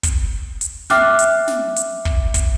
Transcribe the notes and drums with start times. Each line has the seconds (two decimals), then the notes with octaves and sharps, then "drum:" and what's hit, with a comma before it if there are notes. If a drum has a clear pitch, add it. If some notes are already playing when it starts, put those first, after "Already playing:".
0.03 drum: kick, hi-hat
0.61 drum: hi-hat
0.90 E5 G5 D6 F6 F#6, drum: snare
1.19 drum: hi-hat
1.48 drum: snare
1.76 drum: hi-hat
2.05 drum: kick
2.34 drum: kick, hi-hat